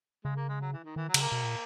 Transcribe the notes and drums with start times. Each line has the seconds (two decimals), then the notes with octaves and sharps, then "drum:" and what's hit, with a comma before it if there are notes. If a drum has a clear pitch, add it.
0.24 C#3 G#3
0.36 A#3
0.48 G#3
0.61 F#3
0.73 E3
0.84 D#3
0.96 D#3 E3
1.08 F#3
1.14 C#3, drum: cymbal
1.21 A#3
1.32 B2
1.44 A#2